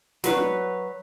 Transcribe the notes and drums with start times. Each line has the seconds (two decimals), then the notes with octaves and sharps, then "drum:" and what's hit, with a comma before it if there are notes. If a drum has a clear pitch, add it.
0.24 F#3 B4 C#5, drum: snare